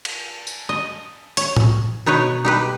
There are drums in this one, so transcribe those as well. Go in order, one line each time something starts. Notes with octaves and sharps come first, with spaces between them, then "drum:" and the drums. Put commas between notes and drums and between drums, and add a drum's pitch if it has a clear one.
drum: cymbal
drum: tambourine
D#5
C#5, drum: hi-hat
drum: tom A2
B2 D#4 B4 C#5
D#4 G4 B4